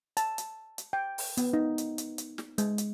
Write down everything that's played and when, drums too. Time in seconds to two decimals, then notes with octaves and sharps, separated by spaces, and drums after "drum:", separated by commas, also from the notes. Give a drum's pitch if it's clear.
0.17 A5, drum: hi-hat
0.38 drum: hi-hat
0.78 drum: hi-hat
0.93 G5
1.18 drum: open hi-hat
1.37 B3, drum: hi-hat
1.53 D#4
1.78 drum: hi-hat
1.98 drum: hi-hat
2.18 drum: hi-hat
2.38 drum: snare
2.58 G#3, drum: hi-hat
2.78 drum: hi-hat